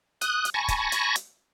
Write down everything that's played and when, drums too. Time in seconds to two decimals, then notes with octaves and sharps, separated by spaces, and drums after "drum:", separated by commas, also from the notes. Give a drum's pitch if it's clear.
0.21 D#6 F#6, drum: hi-hat
0.45 drum: hi-hat
0.54 G#5 A5 B5 C#6 A#6
0.68 drum: kick, hi-hat
0.92 drum: hi-hat
1.16 drum: hi-hat